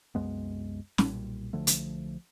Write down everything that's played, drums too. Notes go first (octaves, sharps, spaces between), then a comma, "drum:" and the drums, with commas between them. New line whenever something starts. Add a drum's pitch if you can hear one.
C2 F#2 G#3 B3
B1 A#2 G3, drum: snare
B1 D3 F3 A3
drum: hi-hat